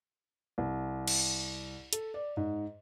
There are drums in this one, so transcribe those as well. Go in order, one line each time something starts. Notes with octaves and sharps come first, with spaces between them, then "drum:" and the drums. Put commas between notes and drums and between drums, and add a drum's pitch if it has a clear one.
C2
drum: cymbal
A4, drum: hi-hat
D5
G#2